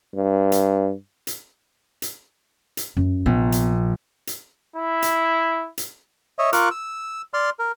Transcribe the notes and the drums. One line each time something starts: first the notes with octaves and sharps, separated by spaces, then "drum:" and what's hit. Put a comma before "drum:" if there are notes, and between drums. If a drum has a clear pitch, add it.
G2
drum: hi-hat
drum: hi-hat
drum: hi-hat
drum: hi-hat
F#2
A#1 B3
drum: hi-hat
drum: hi-hat
E4
drum: hi-hat
drum: hi-hat
C#5 D#5 E5
F4 A#4 C#6 D6 F6 F#6, drum: hi-hat
E6
D5 C6 F6
A#4